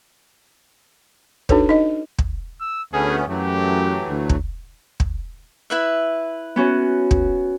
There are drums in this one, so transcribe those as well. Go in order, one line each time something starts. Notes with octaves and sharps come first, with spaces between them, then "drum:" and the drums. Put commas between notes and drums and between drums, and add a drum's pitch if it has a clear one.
D4 D#4 F#4 A4 B4 C#5, drum: kick
D#4 D#5
drum: kick
E6
D2 A3 B3 C#4 G#4
F#2 E3 F#3 A3 G4
D2
drum: kick
drum: kick
E4 B4 E5
B3 C#4 F#4
drum: kick